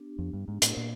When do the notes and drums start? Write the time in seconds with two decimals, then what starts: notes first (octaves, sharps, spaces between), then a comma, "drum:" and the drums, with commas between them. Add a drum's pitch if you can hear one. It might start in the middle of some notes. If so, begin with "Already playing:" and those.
Already playing: B3 D4 G4
0.19 F2
0.33 G2
0.48 G#2
0.62 A2, drum: hi-hat
0.77 A#2